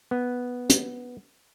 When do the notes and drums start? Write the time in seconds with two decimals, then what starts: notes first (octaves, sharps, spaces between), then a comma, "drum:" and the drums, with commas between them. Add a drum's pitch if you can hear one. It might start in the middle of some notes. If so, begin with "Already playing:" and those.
0.11 B3
0.70 drum: hi-hat